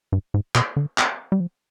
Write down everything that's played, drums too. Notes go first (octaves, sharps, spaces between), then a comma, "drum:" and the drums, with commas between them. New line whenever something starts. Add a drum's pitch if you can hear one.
G2
G#2
B2, drum: clap
D3
drum: clap
G3
F3